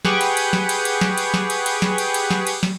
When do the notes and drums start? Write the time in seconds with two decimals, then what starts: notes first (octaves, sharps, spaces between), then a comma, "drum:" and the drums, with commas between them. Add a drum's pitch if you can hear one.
0.05 G4 G#4 B4 F#5 G5 C#6, drum: snare
0.21 drum: cymbal
0.37 drum: cymbal
0.53 drum: snare
0.69 drum: cymbal
0.85 drum: cymbal
1.01 drum: snare
1.18 drum: cymbal
1.34 drum: snare
1.50 drum: cymbal
1.66 drum: cymbal
1.82 drum: snare
1.98 drum: cymbal
2.14 drum: cymbal
2.31 drum: snare
2.47 drum: cymbal
2.63 drum: snare